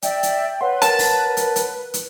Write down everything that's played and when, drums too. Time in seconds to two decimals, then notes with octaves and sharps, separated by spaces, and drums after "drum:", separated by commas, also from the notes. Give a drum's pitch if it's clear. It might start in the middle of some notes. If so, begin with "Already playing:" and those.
0.02 D5 E5 G5, drum: hi-hat
0.23 drum: hi-hat
0.61 B4 C#5 F5 F#5 C6
0.82 A#4 A5, drum: hi-hat
0.99 drum: open hi-hat
1.37 drum: hi-hat
1.56 drum: hi-hat
1.94 drum: hi-hat